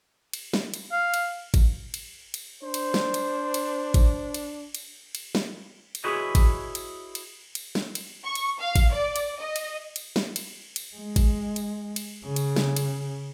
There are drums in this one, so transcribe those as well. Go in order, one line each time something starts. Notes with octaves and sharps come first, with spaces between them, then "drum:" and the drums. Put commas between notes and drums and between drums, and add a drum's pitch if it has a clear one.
drum: cymbal
drum: snare
drum: cymbal
F5
drum: cymbal
drum: kick G#1, cymbal
drum: cymbal
drum: cymbal
D4 C5
drum: cymbal
drum: snare
drum: cymbal
drum: cymbal
drum: kick G#1, cymbal
drum: cymbal
drum: cymbal
drum: cymbal
drum: snare
drum: cymbal
E4 F#4 G#4 B4 C#5 D#5
drum: kick G#1, cymbal
drum: cymbal
drum: cymbal
drum: cymbal
drum: snare
drum: cymbal
C#6
drum: cymbal
F5
drum: kick G#1, cymbal
D5
drum: cymbal
D#5
drum: cymbal
drum: cymbal
drum: snare
drum: cymbal
drum: cymbal
G#3
drum: kick G#1, cymbal
drum: cymbal
drum: cymbal
C#3
drum: cymbal
drum: snare
drum: cymbal